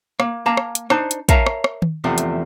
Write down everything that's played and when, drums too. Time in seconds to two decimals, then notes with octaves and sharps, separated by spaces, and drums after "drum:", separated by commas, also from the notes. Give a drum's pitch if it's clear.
0.20 A#3, drum: rim click
0.46 A#3 A5 A#5
0.57 drum: rim click
0.75 drum: hi-hat
0.90 D4 D#4 C5, drum: rim click
1.11 drum: hi-hat
1.29 A#4 C#5 E5 F5 A5 A#5, drum: kick, hi-hat
1.46 drum: rim click
1.64 drum: rim click
1.82 drum: tom D#3
2.04 E2 C3 F3 A3
2.18 drum: hi-hat